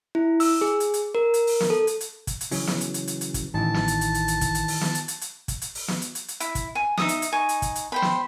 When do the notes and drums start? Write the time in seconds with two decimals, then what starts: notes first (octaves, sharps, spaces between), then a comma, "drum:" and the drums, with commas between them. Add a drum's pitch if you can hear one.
0.15 E4
0.40 E6, drum: open hi-hat
0.61 G#4
0.80 drum: hi-hat
0.94 drum: hi-hat
1.15 A#4
1.34 drum: hi-hat
1.47 drum: open hi-hat
1.60 drum: snare
1.70 A4
1.87 drum: hi-hat
2.01 drum: hi-hat
2.27 drum: kick, hi-hat
2.41 drum: hi-hat
2.51 C#3 E3 F#3, drum: open hi-hat
2.67 drum: snare
2.81 drum: hi-hat
2.94 drum: hi-hat
3.07 drum: hi-hat
3.21 drum: hi-hat
3.34 drum: kick, hi-hat
3.54 A1 D#3 E3 A5
3.74 drum: snare
3.88 drum: hi-hat
4.01 drum: hi-hat
4.14 drum: hi-hat
4.28 drum: hi-hat
4.41 drum: kick, hi-hat
4.55 drum: hi-hat
4.68 drum: open hi-hat
4.81 drum: snare
4.95 drum: hi-hat
5.08 drum: hi-hat
5.21 drum: hi-hat
5.48 drum: kick, hi-hat
5.62 drum: hi-hat
5.75 drum: open hi-hat
5.88 drum: snare
6.02 drum: hi-hat
6.15 drum: hi-hat
6.28 drum: hi-hat
6.40 E4, drum: hi-hat
6.55 drum: kick, hi-hat
6.75 G#5
6.97 D#4 E5 D#6, drum: snare
7.09 drum: hi-hat
7.22 drum: hi-hat
7.32 D#4 G#5 C#6
7.49 drum: hi-hat
7.62 drum: kick, hi-hat
7.75 drum: hi-hat
7.92 C5 G5 B5
8.02 drum: snare